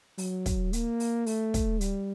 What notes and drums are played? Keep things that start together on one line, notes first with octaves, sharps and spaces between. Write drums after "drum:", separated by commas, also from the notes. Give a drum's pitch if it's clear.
F#3, drum: open hi-hat
drum: kick, hi-hat
A#3, drum: hi-hat
drum: open hi-hat
A3, drum: open hi-hat
drum: kick, hi-hat
G3, drum: hi-hat